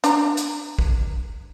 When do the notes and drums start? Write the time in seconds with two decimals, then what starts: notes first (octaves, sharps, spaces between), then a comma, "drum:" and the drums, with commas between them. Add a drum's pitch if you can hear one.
0.04 D4 A#5, drum: hi-hat
0.37 drum: hi-hat
0.79 drum: kick